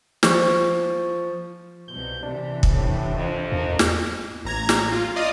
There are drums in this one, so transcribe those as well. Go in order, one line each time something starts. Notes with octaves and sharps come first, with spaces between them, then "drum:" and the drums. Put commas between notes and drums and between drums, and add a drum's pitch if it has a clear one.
F3 C#6, drum: snare
C2 B2 G6
C3 E3 D4
drum: kick
A2
F2
G#1 E2 D#4 A#4
drum: snare
A1 A#5 G#6
drum: snare
F4
F4 D5 D#5 F5 D#6